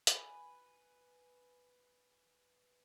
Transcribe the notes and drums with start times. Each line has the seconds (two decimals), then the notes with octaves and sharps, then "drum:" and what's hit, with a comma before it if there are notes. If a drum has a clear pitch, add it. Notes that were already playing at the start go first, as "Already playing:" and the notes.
0.07 B4 G#5 B5, drum: hi-hat